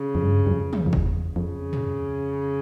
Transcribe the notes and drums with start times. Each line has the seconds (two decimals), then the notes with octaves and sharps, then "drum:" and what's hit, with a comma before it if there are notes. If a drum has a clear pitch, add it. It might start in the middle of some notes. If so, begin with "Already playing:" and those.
Already playing: C#3
0.15 F2
0.23 G2
0.47 G2
0.51 F2
0.73 drum: tom
0.86 F2
0.93 E2, drum: kick F#1
1.36 F2 C#3
1.73 drum: tom